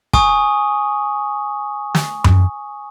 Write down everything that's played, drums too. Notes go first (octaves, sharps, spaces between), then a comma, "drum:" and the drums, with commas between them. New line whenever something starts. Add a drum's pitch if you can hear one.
G#5 C#6 D#6, drum: kick
drum: snare
drum: tom F#2